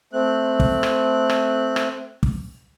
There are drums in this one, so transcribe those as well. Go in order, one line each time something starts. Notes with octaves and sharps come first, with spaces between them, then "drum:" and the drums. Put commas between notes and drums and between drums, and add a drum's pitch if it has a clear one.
A3 C4 F#6
drum: kick
drum: rim click
drum: rim click
drum: rim click
drum: kick